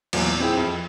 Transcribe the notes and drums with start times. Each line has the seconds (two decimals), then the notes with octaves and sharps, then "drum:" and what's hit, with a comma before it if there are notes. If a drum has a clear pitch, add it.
0.13 E2 A#2 F#3, drum: cymbal
0.40 C4 E4 G#4 G5
0.57 F2